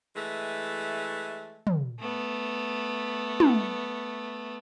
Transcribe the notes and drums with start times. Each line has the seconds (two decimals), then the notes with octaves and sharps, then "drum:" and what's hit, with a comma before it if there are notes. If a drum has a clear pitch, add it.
0.14 E3 G#3 A3
1.67 drum: tom
1.99 A3 B3
3.40 drum: tom